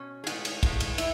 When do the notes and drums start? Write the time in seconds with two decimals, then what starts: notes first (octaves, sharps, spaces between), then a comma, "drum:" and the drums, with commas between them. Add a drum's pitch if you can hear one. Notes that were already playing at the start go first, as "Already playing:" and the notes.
Already playing: B2 C#4
0.24 G#4
0.27 A2 G#3 B3 F#4, drum: cymbal
0.45 drum: cymbal
0.63 A2 G#3 B3, drum: kick, cymbal
0.80 drum: cymbal
0.98 E4, drum: cymbal